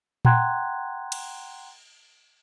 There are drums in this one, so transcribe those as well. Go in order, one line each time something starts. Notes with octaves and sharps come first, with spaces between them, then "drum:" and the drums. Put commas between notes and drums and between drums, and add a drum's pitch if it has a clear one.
F#5 G5 A#5 C6 F#6 G#6, drum: tom A#2
drum: cymbal